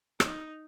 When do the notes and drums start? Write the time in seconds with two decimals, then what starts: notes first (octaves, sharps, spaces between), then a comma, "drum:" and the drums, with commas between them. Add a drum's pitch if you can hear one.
0.20 D#4, drum: rim click